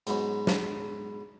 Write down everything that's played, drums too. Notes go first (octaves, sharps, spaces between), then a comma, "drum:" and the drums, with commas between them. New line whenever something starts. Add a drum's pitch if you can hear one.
G#2 F#3 B3 C#4, drum: hi-hat
drum: snare